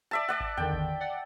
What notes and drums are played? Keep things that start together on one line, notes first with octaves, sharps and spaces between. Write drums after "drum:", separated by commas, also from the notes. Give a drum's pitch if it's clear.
D5 E5 A5
D5 F#5
drum: kick G#1
E2 D3 D#3 G5
drum: kick G#1
D5 F#5